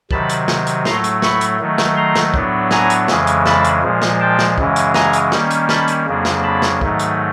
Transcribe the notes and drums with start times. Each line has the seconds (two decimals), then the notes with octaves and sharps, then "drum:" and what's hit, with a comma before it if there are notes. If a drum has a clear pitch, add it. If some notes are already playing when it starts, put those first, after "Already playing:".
0.11 C3 D#3 F#3 A5 B5, drum: kick
0.29 drum: hi-hat
0.48 drum: snare
0.67 drum: hi-hat
0.85 A2 F#3 A3 A#5 C6, drum: snare
1.04 drum: hi-hat
1.22 B5 C#6, drum: snare
1.41 drum: hi-hat
1.60 D#3 F#3 A3
1.78 drum: snare
1.96 A#5 C6
2.16 drum: snare
2.34 A2 F#3 B3 D4, drum: kick
2.71 G#5 A#5, drum: snare
2.90 drum: hi-hat
3.08 F2 C#3 E3 G#3, drum: snare
3.27 drum: hi-hat
3.46 A5 B5, drum: snare
3.64 drum: hi-hat
3.82 A#2 F3 G#3
4.02 drum: snare
4.20 G5 A5
4.39 drum: snare
4.58 F#2 C#3 E3 G#3, drum: kick
4.76 drum: hi-hat
4.94 G#5 A#5, drum: snare
5.13 drum: hi-hat
5.32 D#3 G3 A#3 C#4, drum: snare
5.51 drum: hi-hat
5.69 A5 B5, drum: snare
5.88 drum: hi-hat
6.06 F2 C#3 F#3 A#3 D4
6.25 drum: snare
6.43 A5 B5
6.62 drum: snare
6.81 G#2 D#3 F#3 A3, drum: kick
6.99 drum: hi-hat